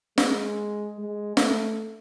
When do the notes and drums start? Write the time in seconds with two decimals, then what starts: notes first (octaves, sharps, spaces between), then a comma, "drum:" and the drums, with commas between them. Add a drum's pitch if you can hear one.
0.18 G#3, drum: snare
0.98 G#3
1.37 A3, drum: snare